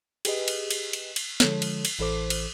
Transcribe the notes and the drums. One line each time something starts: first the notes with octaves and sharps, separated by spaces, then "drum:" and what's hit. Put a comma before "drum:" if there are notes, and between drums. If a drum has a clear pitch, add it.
G4 G#4 B4 D#5, drum: cymbal
drum: cymbal
drum: cymbal
drum: cymbal
drum: cymbal
D3 F3 G#3 A4 C#5, drum: snare
drum: cymbal
drum: cymbal
A1 E3 A4 C5 D6
drum: cymbal